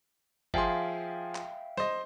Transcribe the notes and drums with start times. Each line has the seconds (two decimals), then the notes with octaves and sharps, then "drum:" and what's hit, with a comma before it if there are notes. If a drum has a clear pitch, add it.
0.54 F3 G#4 E5 F5 G5 C6, drum: kick
1.35 drum: clap
1.77 C5 D#5, drum: snare